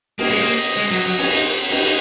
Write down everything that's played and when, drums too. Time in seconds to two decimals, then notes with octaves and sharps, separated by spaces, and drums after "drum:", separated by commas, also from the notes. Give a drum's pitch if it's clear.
0.19 A#3 D#5, drum: cymbal
0.30 G#3
0.41 A#3
0.77 G#3
0.91 F#3
1.05 F#3
1.19 C#4, drum: cymbal
1.33 D#4
1.71 D#4, drum: cymbal
1.83 D#4